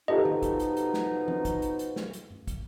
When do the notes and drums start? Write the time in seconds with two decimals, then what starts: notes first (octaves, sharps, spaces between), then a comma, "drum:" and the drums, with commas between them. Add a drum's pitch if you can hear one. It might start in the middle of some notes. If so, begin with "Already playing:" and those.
0.08 B2 F3 D#4 F4 G4 A4 D#5
0.25 drum: tom D#3
0.42 drum: kick, hi-hat
0.60 drum: hi-hat
0.77 drum: hi-hat
0.94 drum: snare
1.28 drum: tom E3
1.45 drum: kick, hi-hat
1.62 drum: hi-hat
1.79 drum: hi-hat
1.96 drum: snare
2.13 drum: hi-hat
2.30 drum: tom G2
2.47 drum: kick, hi-hat